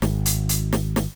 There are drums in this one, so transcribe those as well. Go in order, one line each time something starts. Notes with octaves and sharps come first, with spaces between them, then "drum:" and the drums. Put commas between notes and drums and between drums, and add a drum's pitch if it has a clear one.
G#1, drum: snare
drum: hi-hat
drum: hi-hat
drum: snare
drum: snare